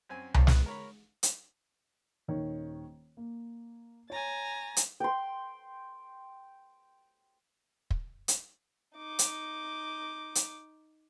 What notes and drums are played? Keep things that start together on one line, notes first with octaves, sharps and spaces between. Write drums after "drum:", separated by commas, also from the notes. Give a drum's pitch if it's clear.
F#2 C4 G#5
C4 A4 C#5 D5 F5 A#5, drum: tom C2
B3, drum: snare
A#4 C#5 B5
drum: hi-hat
D#1 D#3 C#5
A#3
C#5 G#5 A#5 A6
drum: hi-hat
G5 C6
drum: kick
drum: hi-hat
D#4 D6
drum: hi-hat
drum: hi-hat